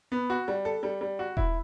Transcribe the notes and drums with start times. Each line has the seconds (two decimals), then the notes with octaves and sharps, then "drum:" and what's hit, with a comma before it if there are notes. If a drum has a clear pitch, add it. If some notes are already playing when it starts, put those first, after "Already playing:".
0.12 B3
0.30 F#4
0.48 G3
0.65 A4
0.83 G3
1.01 G3
1.19 F#4
1.37 E4, drum: kick E1